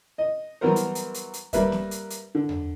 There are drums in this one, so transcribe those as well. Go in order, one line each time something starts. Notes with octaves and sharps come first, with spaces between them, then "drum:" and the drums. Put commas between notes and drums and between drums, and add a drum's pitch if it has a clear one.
D#5
E3 F#3 G3 B3 A#4 C5
drum: hi-hat
drum: hi-hat
drum: hi-hat
drum: hi-hat
G3 A#3 B4 E5, drum: kick D2, hi-hat
drum: snare B3
drum: hi-hat
drum: hi-hat
D3
drum: tom E2